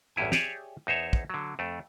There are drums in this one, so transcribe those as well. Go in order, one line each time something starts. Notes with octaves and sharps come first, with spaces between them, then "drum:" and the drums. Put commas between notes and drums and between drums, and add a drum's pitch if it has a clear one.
A1 E2 G2 E4 G#5
G4 G#4 C#5 D5 E5 G#5, drum: snare
E2 D#4 C5 C#5 E5
drum: kick
D3 F#3
F2 A3